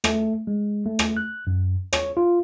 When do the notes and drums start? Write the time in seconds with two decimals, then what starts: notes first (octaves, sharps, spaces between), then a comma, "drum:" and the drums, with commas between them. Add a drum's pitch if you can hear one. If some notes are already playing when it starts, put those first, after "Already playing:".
0.04 A3, drum: rim click
0.47 G#3
0.86 A3
0.99 drum: rim click
1.17 F#6
1.47 F#2
1.93 C#5, drum: rim click
2.17 F4